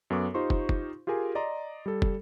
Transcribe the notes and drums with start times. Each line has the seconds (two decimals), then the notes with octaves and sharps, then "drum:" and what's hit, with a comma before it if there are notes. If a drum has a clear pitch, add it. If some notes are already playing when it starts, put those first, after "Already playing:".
0.10 F#2 B3 A4 C#6 D6
0.34 D#4 F4 G4 C5 C6 C#6
0.50 drum: kick
0.69 drum: kick
1.07 F4 G4 G#4 A#4 G#5
1.35 D5 D#5 A#5 C6
1.86 G3 A4
2.02 drum: kick